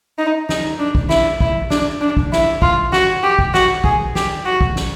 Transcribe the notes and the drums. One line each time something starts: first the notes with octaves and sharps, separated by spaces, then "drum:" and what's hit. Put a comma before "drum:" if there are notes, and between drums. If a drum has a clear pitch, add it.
D#4
D#4, drum: snare
D4
drum: kick
E4, drum: snare
E4, drum: kick
D4, drum: snare
D4
drum: kick
E4, drum: snare
F4, drum: kick
F#4, drum: snare
G4
drum: kick
F#4, drum: snare
G#4, drum: kick
G4, drum: snare
F#4
drum: kick
drum: snare